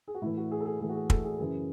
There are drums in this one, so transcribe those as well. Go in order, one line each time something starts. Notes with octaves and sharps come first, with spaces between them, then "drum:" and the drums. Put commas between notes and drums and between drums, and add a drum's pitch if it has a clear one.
G#4
F#4
A2 E3 E4
F#4
G#4
A4
G#4
A2 E3 G#4
F#4
G#4
A4, drum: kick
G#4
F#2 C#3 E3 G#4